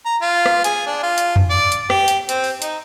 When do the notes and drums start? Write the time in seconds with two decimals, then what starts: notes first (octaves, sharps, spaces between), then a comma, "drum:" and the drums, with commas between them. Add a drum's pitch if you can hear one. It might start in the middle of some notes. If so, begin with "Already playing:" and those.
0.05 A#5
0.21 F4
0.46 drum: rim click
0.64 G#4, drum: hi-hat
0.86 D4
1.03 F4
1.18 drum: hi-hat
1.36 drum: tom F2
1.50 D5
1.72 drum: hi-hat
1.90 G4, drum: rim click
2.08 drum: hi-hat
2.29 C4, drum: hi-hat
2.44 drum: open hi-hat
2.62 D#4, drum: hi-hat